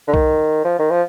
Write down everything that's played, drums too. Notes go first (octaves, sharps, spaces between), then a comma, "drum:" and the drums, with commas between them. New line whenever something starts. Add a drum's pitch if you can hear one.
D3
D#3, drum: kick C2
F3
D#3
F3